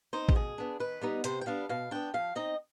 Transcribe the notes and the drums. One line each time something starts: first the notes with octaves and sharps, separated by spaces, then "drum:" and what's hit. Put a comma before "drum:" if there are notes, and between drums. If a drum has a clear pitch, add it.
C4 D#4 C5
G4, drum: kick
B2 G#4
B3 D4
D#3 B4
G3 B3 D#4
C3 C5, drum: hi-hat
G5
G3 B3 D4 F5
B2 F5
B3 D4 G5
F3 F5
C4 D#4 D#5